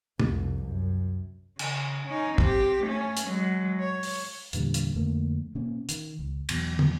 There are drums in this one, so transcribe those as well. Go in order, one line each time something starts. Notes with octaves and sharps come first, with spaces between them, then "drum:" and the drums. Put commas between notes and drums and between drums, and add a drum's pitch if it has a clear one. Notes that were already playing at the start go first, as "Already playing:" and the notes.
C2 F2, drum: tom
F#2
C#3, drum: cymbal
C#4 D#4
C4 G4, drum: kick
A3 C#4
drum: hi-hat
F#3 G#3
C#5
drum: open hi-hat
E2 A#2 D3 G3, drum: hi-hat
drum: hi-hat
F2 D3 A3 A#3
B2 A#3 C4 C#4
D#3, drum: hi-hat
C#2
E2 B2 F#3, drum: cymbal
drum: tom